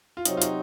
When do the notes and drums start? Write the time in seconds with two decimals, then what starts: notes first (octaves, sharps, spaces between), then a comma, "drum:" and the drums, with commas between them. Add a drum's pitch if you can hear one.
0.17 F4
0.25 C3 F#3 C4 D#4, drum: hi-hat
0.37 F4
0.42 D#4, drum: hi-hat